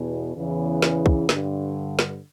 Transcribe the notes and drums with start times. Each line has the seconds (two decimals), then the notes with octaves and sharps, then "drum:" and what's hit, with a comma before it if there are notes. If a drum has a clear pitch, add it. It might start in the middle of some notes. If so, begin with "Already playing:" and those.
Already playing: E2 B2
0.36 E2 C#3 E3
0.82 drum: snare
1.06 drum: kick
1.29 G2 D3, drum: snare
1.99 drum: snare